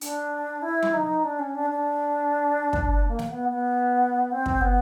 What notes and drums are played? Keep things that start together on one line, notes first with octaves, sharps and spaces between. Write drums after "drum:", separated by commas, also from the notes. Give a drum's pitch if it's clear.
D4, drum: hi-hat
E4
drum: tom F#3
D#4
D4
C#4
D4
D4
drum: kick
A#3
drum: snare
B3
B3
C4
drum: kick
B3